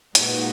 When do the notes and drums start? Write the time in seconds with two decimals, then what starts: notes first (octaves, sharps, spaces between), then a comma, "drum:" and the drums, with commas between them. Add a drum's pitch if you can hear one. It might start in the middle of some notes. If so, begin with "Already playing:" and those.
0.15 A#2 G#3 D#4 F#4 B4, drum: hi-hat